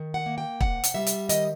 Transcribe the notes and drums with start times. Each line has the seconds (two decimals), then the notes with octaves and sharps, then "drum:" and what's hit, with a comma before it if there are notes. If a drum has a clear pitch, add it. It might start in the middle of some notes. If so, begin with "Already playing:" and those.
Already playing: D#3
0.14 F#5
0.26 A#3
0.38 G5
0.61 C3 F#5, drum: kick
0.84 drum: hi-hat
0.94 G3 E5
1.07 drum: hi-hat
1.29 D#3 D#5, drum: hi-hat